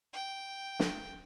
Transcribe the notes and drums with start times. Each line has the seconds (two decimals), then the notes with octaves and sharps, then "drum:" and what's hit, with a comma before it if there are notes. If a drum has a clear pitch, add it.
0.13 G5
0.80 drum: snare